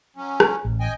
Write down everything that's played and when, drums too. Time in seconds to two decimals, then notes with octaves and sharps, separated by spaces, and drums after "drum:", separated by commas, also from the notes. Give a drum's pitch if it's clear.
0.16 F#3 C#4
0.40 drum: rim click
0.65 A1
0.80 D#5 G5 G#5